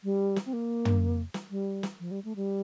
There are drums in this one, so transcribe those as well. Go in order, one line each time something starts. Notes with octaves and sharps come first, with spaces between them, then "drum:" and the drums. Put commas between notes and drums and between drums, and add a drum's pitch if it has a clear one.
G3
drum: snare
C4
A#3
drum: tom
drum: snare
G3
drum: snare
F3
G3
A3
G3